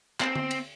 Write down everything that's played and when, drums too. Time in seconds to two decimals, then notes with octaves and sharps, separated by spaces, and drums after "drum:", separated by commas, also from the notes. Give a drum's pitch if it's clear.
0.20 C4, drum: clap
0.36 drum: tom D3
0.51 drum: cymbal